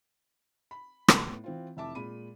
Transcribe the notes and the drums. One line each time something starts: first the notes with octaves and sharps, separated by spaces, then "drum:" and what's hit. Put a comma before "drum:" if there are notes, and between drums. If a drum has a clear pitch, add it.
B5
A2 B3, drum: rim click
E3 C4 F4
F1 E4 E5 A5 D6
A#2 G#3 B5 D#7